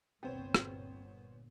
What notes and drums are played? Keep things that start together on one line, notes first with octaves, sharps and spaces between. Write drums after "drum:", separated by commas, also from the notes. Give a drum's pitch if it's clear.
G1 C2 A#2 B3 C4 C5 C#5 G5
drum: rim click